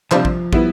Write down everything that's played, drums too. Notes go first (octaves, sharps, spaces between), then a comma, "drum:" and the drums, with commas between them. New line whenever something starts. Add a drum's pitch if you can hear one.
C3 F3 G3 D4 F4 C5, drum: clap
drum: kick
G3 B3 E4, drum: kick